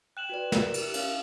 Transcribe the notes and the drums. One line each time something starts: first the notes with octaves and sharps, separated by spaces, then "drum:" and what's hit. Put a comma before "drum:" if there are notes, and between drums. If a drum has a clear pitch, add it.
G5 F#6 E7 F#7
F#4 B4 D5
A#4, drum: snare
drum: cymbal
C#4 F5, drum: cymbal